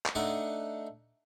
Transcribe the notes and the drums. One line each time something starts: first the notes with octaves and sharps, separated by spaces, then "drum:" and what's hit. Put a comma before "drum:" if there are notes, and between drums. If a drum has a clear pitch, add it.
drum: clap
A3 D4 D#4 D5 F#5